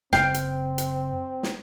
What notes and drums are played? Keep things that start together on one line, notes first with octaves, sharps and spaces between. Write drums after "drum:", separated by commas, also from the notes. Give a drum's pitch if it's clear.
F#1 C4 F5 G5, drum: snare
drum: hi-hat
drum: hi-hat
drum: snare